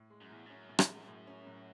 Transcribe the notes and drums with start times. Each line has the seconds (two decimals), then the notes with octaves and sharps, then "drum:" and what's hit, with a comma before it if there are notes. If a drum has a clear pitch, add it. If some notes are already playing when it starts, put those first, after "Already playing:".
Already playing: A2
0.10 G#3
0.21 F#2
0.30 E2 A2
0.46 F#2 C#4
0.69 A2
0.79 drum: rim click
0.88 G#3
1.08 A2
1.27 C#4
1.46 A2